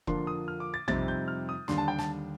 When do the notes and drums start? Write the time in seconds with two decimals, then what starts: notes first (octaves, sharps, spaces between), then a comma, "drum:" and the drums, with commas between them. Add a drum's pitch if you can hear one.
0.07 F2 D3 F3 A#3 D4 C6, drum: kick E1
0.27 D#6
0.48 F6
0.60 D6
0.74 A6
0.88 F2 C3 G3 C4 D#4 A6, drum: tom A#1
1.08 G6
1.28 F6
1.49 D#6
1.68 D#2 D3 G3 D4 C6, drum: snare
1.78 A5
1.88 G5
1.99 A5, drum: snare